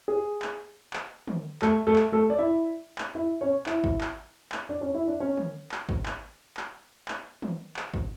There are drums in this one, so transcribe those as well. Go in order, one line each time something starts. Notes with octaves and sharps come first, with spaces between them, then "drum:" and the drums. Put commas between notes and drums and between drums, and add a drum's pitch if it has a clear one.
G#4
drum: clap
drum: clap
drum: tom
A3 A4, drum: clap
A3 A4
drum: clap
A3 A4
D5
E4 E5
drum: clap
E4 E5
C#4 C#5
E4 E5, drum: clap
drum: kick G#1
drum: clap
drum: clap
D4 D5
C#4 C#5
E4 E5
D4 D5
C#4 C#5
drum: tom
drum: clap
drum: kick G#1
drum: clap
drum: clap
drum: clap
drum: tom
drum: clap
drum: kick G#1